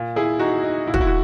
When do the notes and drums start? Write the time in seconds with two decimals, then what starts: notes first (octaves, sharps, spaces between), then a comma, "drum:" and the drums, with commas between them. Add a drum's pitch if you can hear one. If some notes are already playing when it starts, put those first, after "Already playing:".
Already playing: A#2
0.16 E4 G#4
0.39 D#4 F#4
0.64 D#4
0.87 A#2 E4
0.94 F#4, drum: kick
1.01 E4
1.07 F#4